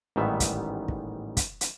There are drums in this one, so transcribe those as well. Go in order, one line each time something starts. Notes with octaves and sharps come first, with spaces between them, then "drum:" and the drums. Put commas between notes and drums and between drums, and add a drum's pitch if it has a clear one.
A1 G#2 D#3 G3 B3 E5
drum: kick, hi-hat
drum: kick
drum: kick, hi-hat
drum: hi-hat